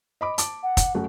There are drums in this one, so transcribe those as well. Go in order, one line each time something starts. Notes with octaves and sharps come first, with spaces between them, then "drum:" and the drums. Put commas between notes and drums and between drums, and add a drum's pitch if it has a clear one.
D#5 B5 D6
A5 D6, drum: hi-hat
F#5
drum: kick, hi-hat
F#2 A3 F#5